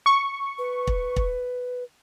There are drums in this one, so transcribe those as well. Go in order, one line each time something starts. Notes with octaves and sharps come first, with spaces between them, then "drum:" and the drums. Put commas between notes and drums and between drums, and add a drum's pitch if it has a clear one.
C#6
B4
drum: kick
drum: kick